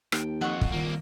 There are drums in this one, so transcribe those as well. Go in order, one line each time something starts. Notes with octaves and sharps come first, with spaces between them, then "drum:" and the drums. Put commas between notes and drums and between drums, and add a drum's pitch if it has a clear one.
D#2 G5 A5, drum: rim click
F2 F#5 C#6
drum: kick
C2 A#2 D#3 A#3